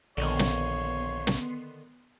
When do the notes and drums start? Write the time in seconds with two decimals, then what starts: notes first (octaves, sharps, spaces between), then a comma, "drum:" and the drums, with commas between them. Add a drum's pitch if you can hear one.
0.17 A#1 D3 D#3 B3 C#5 C6
0.39 drum: snare
1.27 drum: snare